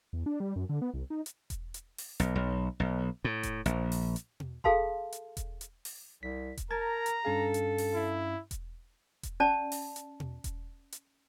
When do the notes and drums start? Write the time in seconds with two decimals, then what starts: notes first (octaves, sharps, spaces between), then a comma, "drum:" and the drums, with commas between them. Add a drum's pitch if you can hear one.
0.13 E2
0.26 D4
0.40 G3
0.56 F#2
0.69 D3
0.82 B3
0.94 C2
1.10 D#4
1.26 drum: hi-hat
1.50 drum: kick E1, hi-hat
1.74 drum: hi-hat
1.98 drum: open hi-hat
2.20 B1, drum: hi-hat
2.35 B1
2.80 B1
3.24 A2
3.43 drum: kick E1, hi-hat
3.66 A#1, drum: hi-hat
3.92 drum: open hi-hat
4.16 drum: hi-hat
4.40 drum: tom B2
4.64 G#4 A4 F5 A5 C6, drum: kick E1
5.12 drum: hi-hat
5.37 drum: kick E1, hi-hat
5.61 drum: hi-hat
5.85 drum: open hi-hat
6.23 C2 B6
6.57 drum: kick E1, hi-hat
6.71 A#4 A5 A#5 G#6 A6
7.06 drum: hi-hat
7.25 G2 C#4 A4 F5
7.54 drum: hi-hat
7.78 drum: open hi-hat
7.94 E4
8.51 drum: kick E1, hi-hat
9.23 drum: kick E1, hi-hat
9.40 C#4 D5 A5
9.72 drum: open hi-hat
9.96 drum: hi-hat
10.20 drum: tom B2
10.44 drum: kick E1, hi-hat
10.92 drum: hi-hat